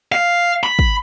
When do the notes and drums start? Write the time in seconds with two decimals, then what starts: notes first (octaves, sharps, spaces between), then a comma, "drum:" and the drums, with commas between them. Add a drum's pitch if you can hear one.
0.12 F5
0.63 B5
0.79 drum: kick